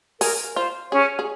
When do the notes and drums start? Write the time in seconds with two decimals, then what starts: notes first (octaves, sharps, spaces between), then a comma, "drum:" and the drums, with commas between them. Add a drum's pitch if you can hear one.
0.21 G#4 A#4, drum: open hi-hat
0.56 F4 C5
0.92 C#4 G#4 C#5
1.19 G#4